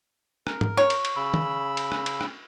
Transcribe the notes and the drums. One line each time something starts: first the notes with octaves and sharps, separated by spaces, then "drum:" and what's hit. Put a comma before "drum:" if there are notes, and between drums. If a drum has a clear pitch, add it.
A#4, drum: rim click
drum: tom
C#5, drum: rim click
drum: cymbal
drum: cymbal
C#3 B5 E6
drum: tom
drum: cymbal
drum: rim click
drum: cymbal
drum: rim click